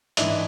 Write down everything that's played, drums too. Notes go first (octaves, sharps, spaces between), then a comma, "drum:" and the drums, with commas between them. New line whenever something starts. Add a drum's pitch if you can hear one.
G#2 E3 D4 E4, drum: hi-hat